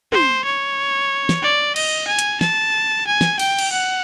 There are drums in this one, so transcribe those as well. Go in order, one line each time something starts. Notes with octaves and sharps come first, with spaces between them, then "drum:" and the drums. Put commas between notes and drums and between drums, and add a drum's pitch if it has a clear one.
C5, drum: tom
C#5
drum: snare
D5
D#5, drum: cymbal
G#5
drum: hi-hat
A5, drum: snare
G#5
drum: snare
G5, drum: cymbal
drum: cymbal
F#5